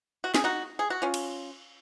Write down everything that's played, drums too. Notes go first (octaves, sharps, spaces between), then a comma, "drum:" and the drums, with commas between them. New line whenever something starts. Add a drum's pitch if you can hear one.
F#4
G#4, drum: snare
D#4 F#4
G#4
F#4
C#4 F4
drum: cymbal